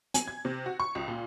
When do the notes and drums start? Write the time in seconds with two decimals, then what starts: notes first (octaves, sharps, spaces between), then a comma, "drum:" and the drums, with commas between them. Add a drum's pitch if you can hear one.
0.14 G#5, drum: hi-hat
0.28 G#6
0.45 C3
0.66 F#4
0.80 C#6
0.95 C#2
1.08 A#2